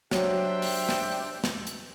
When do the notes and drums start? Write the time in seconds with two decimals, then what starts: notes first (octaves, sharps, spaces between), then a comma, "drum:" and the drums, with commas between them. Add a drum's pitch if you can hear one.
0.12 F#3 D4 G4 C5 E5 G5, drum: snare
0.62 drum: open hi-hat
0.89 drum: snare
1.44 drum: snare
1.67 drum: hi-hat